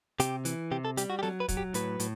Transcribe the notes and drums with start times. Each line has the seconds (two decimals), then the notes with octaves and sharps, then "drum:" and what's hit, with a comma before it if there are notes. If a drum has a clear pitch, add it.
0.20 C3 G4, drum: hi-hat
0.45 E3, drum: hi-hat
0.71 C3 G4
0.85 A4
0.97 G3 G4, drum: hi-hat
1.10 F#4
1.19 G4
1.23 F#3 A4, drum: snare
1.40 B4
1.49 F#3, drum: kick, hi-hat
1.57 G4
1.74 A2 B4, drum: hi-hat
2.00 A2, drum: hi-hat